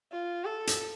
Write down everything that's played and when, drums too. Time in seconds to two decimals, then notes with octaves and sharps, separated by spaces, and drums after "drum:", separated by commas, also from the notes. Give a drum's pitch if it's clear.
0.12 F4
0.45 A4
0.67 drum: hi-hat